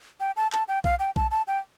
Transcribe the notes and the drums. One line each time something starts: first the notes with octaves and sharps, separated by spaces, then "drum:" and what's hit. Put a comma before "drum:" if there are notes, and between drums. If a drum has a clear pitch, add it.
G5
A5
A5, drum: clap
G5
F5, drum: kick B1
G5
A5, drum: kick B1
A5
G5